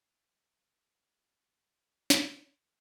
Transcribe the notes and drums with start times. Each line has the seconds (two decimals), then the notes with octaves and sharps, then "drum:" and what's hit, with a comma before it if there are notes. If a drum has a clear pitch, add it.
0.25 B2 E3
0.40 E3 G#3
0.54 E3 G#3
0.69 C#3 F#3
0.84 B2 E3
0.98 F#2 B2
1.13 G#2 C#3
1.28 F#2 B2
1.42 F#2
1.57 E2 G#2
1.72 F#2 B2
1.86 B2 E3
2.10 drum: snare
2.31 C#3 F#3
2.46 C#3 F#3
2.60 E3 G#3